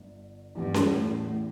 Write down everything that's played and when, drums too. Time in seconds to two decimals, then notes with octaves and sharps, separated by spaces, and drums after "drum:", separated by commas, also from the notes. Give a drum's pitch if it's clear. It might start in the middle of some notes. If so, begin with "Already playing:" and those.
Already playing: G1 D3
0.55 E2 G2 E3 B3 G4
0.74 drum: snare C#4
0.93 A2